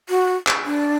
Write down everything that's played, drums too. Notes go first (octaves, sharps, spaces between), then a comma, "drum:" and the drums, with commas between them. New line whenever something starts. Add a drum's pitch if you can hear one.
F#4
drum: clap
D4